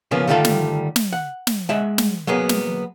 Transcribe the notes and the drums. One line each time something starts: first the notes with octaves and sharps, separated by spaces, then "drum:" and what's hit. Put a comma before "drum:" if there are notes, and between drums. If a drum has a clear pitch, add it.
C#3 F3 A#3 B3 C#4
D3 D#3 G3 A3 F4 A4
drum: snare
drum: snare
F#5
drum: snare
G#3 E5 F#5
drum: snare
F#3 A#3 B3 G#4
drum: snare